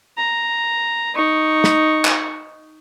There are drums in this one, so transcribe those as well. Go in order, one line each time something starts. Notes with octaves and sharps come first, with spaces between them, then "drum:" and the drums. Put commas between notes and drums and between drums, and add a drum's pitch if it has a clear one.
A#5
D#4 C#6
drum: snare
drum: clap